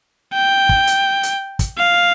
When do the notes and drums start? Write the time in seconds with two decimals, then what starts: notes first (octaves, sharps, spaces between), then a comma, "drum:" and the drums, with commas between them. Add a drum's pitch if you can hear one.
0.33 G5
0.69 drum: kick
0.87 drum: hi-hat
1.23 drum: hi-hat
1.59 drum: kick, hi-hat
1.78 F5